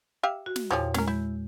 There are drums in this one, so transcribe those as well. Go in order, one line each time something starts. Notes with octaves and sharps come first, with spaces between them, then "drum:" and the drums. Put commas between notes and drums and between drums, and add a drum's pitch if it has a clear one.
G4 E5 F5
F#4
drum: snare
E2 A#2 F3 G4 G#4 C#5
G#3 C#4 A#4, drum: snare
E4 G6